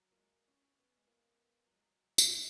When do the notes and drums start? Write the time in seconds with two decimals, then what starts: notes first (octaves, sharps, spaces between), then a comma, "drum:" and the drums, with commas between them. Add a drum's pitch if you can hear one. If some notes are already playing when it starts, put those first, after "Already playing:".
Already playing: F#3
0.12 A#3
0.17 G#3
0.48 C#4
0.77 B3
0.97 G#3
1.07 A#3
1.36 B3
1.66 F#3
1.74 G#3
1.80 F#3
2.18 drum: tambourine